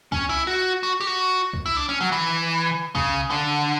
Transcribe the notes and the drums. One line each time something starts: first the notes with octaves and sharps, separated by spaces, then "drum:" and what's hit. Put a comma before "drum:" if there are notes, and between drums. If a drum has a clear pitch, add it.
C#4, drum: kick C2
E4
F#4
F#4
G4
F#4
drum: kick C2
E4
D4
C#4
F#3
E3
C#3, drum: kick C2
D3